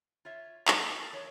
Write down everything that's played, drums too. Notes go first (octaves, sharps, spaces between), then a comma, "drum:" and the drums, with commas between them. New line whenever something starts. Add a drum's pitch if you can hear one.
F4 C#5 E5
drum: clap
A4 A#4
E3 C#5